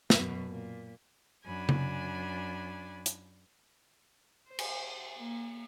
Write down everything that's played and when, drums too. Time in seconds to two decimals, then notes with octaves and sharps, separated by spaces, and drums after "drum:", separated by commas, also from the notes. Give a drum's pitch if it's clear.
0.10 F#2 B2, drum: snare
0.49 A#2
1.45 F#2 D4 G#5 B5
1.69 drum: tom C#3
3.06 drum: hi-hat
4.49 C5
4.59 drum: cymbal
5.17 A#3